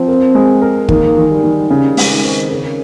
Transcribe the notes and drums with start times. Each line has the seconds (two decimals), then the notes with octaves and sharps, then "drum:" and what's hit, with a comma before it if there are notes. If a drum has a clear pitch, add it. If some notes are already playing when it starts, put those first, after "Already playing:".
Already playing: F3 C4
0.08 A#4
0.35 G#3
0.62 A#4
0.89 D#3 A#3, drum: kick
1.17 D#3
1.30 G3
1.43 D#3
1.70 C#3 G3
1.97 G#3, drum: open hi-hat
2.10 D#3
2.24 C4
2.50 C#3 A#4